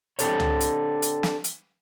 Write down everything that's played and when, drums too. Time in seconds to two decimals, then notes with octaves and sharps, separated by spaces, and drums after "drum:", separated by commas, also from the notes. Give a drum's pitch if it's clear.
0.19 C4 D4 G4 A4 C5 C#5, drum: hi-hat
0.40 drum: tom
0.60 drum: hi-hat
1.02 drum: hi-hat
1.23 drum: snare
1.44 drum: hi-hat